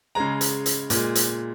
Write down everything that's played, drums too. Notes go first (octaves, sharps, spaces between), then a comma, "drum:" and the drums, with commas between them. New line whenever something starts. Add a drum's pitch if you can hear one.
C#3 G#3 A#5
drum: hi-hat
drum: hi-hat
A#2 G#3, drum: hi-hat
drum: hi-hat